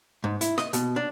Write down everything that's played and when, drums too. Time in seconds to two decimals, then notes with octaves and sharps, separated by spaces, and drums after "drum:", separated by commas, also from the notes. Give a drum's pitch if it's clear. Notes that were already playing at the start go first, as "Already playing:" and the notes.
0.24 G#2
0.41 E4, drum: hi-hat
0.58 D#5, drum: snare
0.73 B2, drum: hi-hat
0.96 D4